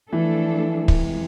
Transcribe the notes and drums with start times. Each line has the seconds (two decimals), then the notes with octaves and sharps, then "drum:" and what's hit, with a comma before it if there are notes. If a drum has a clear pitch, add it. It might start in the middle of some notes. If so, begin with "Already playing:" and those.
0.12 E3 F3 A3 D4 A4
0.88 F2 C3 G#3, drum: kick